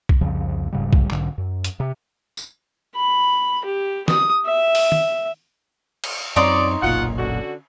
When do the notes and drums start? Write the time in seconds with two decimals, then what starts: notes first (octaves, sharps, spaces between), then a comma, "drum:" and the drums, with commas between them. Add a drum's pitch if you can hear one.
0.09 drum: kick
0.21 C2 F2 C#3 F3
0.72 E1 G#2 C#3 G3
0.93 drum: kick
1.10 B1 G#2 D3, drum: clap
1.38 F#2
1.64 drum: hi-hat
1.80 C3
2.37 drum: tambourine
2.95 B5
3.65 G4
4.08 D#6, drum: snare
4.46 E5
4.75 drum: open hi-hat
4.92 drum: tom
6.04 drum: cymbal
6.36 F#2 C4 D#4 C#5 D5 C6
6.83 F#1 B1 A#2 F4 F#5
7.18 D3 C#4 F#4